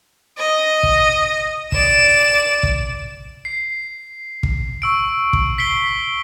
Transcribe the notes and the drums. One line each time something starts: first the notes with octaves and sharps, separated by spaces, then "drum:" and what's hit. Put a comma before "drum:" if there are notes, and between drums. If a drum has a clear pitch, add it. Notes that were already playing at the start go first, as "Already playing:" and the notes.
D#5
drum: kick
D5 E7, drum: kick
drum: kick
C7
drum: kick
C#6 E6 D7
drum: kick
B6 C7 D7 G7